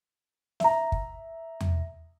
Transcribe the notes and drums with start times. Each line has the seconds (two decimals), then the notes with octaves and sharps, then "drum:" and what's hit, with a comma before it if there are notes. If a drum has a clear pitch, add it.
0.60 E5 A#5, drum: snare
0.92 drum: kick
1.61 drum: tom E2